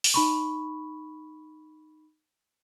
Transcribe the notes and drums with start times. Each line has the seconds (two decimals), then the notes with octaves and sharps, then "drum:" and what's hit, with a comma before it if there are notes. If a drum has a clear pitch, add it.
0.04 drum: open hi-hat
0.14 D#4 B5 C#6